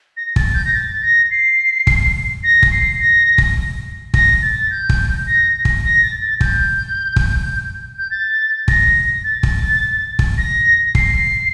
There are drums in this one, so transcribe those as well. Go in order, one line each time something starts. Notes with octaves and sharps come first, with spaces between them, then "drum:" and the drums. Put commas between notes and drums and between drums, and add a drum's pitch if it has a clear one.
A#6
A6, drum: kick
G6
A#6
A6
A#6
C7
drum: kick
A#6
drum: kick
C7
A#6
drum: kick
A#6, drum: kick
A6
G6
drum: kick
A#6
drum: kick
A#6
A6
A6
G6, drum: kick
drum: kick
G6
A6
A#6, drum: kick
A6
drum: kick
drum: kick
A#6
C7, drum: kick